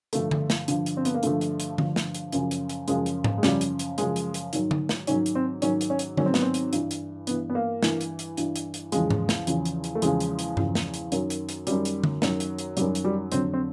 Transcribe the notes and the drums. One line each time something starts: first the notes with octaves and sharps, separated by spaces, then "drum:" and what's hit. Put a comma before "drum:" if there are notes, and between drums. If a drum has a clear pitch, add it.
G2 D3 F3 A3, drum: hi-hat
drum: tom D3
drum: snare
G2 D3 F3, drum: hi-hat
drum: hi-hat
C4
B3, drum: hi-hat
A#3
G2 D3 F3 A3, drum: hi-hat
drum: hi-hat
drum: hi-hat
G2 D3 F3, drum: tom D3
drum: snare
drum: hi-hat
F#2 C#3 F3, drum: hi-hat
drum: hi-hat
drum: hi-hat
F#2 C#3 F3 G#3, drum: hi-hat
drum: hi-hat
drum: tom G#2
G#3
F#2 C#3 F3 G3, drum: snare
drum: hi-hat
drum: hi-hat
F#2 C#3 F3 G#3, drum: hi-hat
drum: hi-hat
drum: hi-hat
G#2 D#3 F#3, drum: hi-hat
drum: tom D3
drum: snare
G#2 D#3 F#3 C#4, drum: hi-hat
drum: hi-hat
C4
G#2 D#3 F#3 C#4, drum: hi-hat
drum: hi-hat
C#4
drum: hi-hat
G#2 D#3 F#3 C#4, drum: tom D3
C4
B3, drum: snare
C4
drum: hi-hat
G2 E3, drum: hi-hat
drum: hi-hat
G2 E3 B3, drum: hi-hat
B3
A#3
G2 E3, drum: snare
drum: hi-hat
drum: hi-hat
G2 E3, drum: hi-hat
drum: hi-hat
drum: hi-hat
E2 C#3 F3 G#3, drum: hi-hat
drum: tom G#2
drum: snare
E2 C#3 F3, drum: hi-hat
drum: hi-hat
drum: hi-hat
A3
E2 C#3 F3 G#3, drum: hi-hat
drum: hi-hat
drum: hi-hat
E2 C#3 F3, drum: tom G2
drum: snare
drum: hi-hat
F#2 D#3 F#3, drum: hi-hat
drum: hi-hat
drum: hi-hat
F#2 D#3 F#3 G3, drum: hi-hat
drum: hi-hat
drum: tom D3
F#2 D#3 F#3, drum: snare
drum: hi-hat
drum: hi-hat
F#2 D#3 F#3 G3, drum: hi-hat
drum: hi-hat
G3
F2 D3 F#3 C4, drum: hi-hat
C4